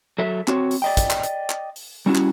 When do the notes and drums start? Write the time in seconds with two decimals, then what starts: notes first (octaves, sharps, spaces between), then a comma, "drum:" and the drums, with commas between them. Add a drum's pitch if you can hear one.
0.18 F#3 A4 E5
0.48 C4 F#4 C#5, drum: clap
0.71 drum: open hi-hat
0.82 D5 D#5 G5
0.97 drum: kick, hi-hat
1.10 drum: clap
1.23 drum: hi-hat
1.50 drum: clap
1.76 drum: open hi-hat
2.06 G3 C#4 E4 F#4
2.15 drum: clap